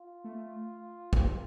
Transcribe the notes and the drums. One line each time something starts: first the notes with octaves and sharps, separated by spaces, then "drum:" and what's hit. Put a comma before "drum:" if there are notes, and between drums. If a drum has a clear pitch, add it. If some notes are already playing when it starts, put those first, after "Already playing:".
Already playing: F4
A3
drum: kick